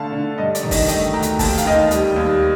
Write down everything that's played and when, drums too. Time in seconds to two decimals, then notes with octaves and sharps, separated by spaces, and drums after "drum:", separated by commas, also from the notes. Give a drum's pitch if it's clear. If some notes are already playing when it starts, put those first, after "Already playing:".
Already playing: D3 A3 F5 A5
0.12 D3
0.38 G2 D#5
0.55 D5, drum: hi-hat
0.63 D#3
0.71 D#5, drum: kick, open hi-hat
0.88 A3 D#5 G5, drum: hi-hat
1.13 D2 G5 A#5
1.22 drum: hi-hat
1.39 D#2 A5, drum: kick, open hi-hat
1.48 G5
1.58 F5, drum: hi-hat
1.65 D#3 D#5 G5
1.91 G3, drum: hi-hat
2.16 D#2